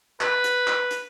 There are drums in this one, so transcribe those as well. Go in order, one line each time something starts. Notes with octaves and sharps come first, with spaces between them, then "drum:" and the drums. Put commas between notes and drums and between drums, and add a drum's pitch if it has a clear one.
B4, drum: clap
drum: hi-hat
drum: clap
drum: hi-hat